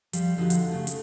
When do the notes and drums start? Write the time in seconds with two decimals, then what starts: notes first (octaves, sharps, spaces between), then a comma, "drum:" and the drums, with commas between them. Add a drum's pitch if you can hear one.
0.13 F3 G3 G4, drum: hi-hat
0.37 D3 F3 D#4 F#4 G4
0.50 drum: hi-hat
0.72 C#3 A3
0.87 drum: hi-hat